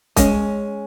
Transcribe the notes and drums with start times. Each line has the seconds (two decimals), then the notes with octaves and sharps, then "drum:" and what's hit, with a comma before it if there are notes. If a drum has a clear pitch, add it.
0.16 G#3 C#4, drum: kick, hi-hat